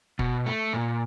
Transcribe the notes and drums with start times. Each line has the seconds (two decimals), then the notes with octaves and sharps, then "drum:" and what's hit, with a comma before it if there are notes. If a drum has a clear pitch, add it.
0.19 B2, drum: kick
0.46 A3
0.73 A#2